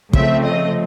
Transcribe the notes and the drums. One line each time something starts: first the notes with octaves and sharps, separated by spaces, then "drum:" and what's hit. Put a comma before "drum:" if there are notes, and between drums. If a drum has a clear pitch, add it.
C#3 F3 A3 C4 E5, drum: kick
D#5